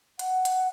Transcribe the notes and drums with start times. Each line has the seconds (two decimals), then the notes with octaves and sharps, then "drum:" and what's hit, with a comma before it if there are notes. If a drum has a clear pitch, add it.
0.19 F#5, drum: hi-hat
0.45 drum: hi-hat